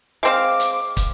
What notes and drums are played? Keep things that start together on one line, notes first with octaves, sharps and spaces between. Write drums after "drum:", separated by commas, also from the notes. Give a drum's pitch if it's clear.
G#3 C4 F5 D6
drum: hi-hat
drum: kick, hi-hat